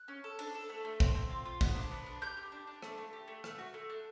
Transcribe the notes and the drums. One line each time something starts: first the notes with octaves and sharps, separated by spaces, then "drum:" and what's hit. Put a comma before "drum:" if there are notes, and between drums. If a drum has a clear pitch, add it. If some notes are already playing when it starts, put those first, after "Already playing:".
Already playing: F#6
C#4
A4
D4, drum: cymbal
A4
A3
A3
C4, drum: kick
C4
F4
F4
B3, drum: kick, cymbal
D4
B3
D4
G4 G6
G4
D4
D4
A3, drum: rim click
A3
G4
A3
A3, drum: rim click
F#4
A3
D4